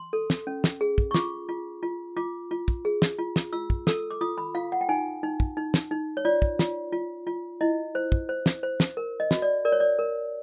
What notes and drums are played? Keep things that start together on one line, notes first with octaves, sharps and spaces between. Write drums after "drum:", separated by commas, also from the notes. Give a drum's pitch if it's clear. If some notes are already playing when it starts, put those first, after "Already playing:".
Already playing: C6
A4
drum: snare
C#4
drum: snare
G#4
drum: kick
C#6
F4 D6, drum: snare
F4
F4
F4 D6
F4
drum: kick
G#4
drum: snare
F4
drum: snare
F4 E6
drum: kick
A4 E6, drum: snare
D6
F4 D#6
B5
F4 F5
F#5
G5
D#4 G#5
D#4
drum: kick
D#4
drum: snare
D#4
C#5
F4 D5
drum: kick
F4, drum: snare
F4
F4
E4 D#5
C5
drum: kick
C5
drum: snare
C5
drum: snare
A#4
D#5
F#4, drum: snare
D5
A#4 D5
C#5
D5
A#4